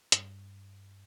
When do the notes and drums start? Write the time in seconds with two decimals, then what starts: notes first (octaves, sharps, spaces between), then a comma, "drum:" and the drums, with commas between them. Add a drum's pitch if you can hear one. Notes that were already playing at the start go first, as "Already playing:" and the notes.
0.12 G2, drum: hi-hat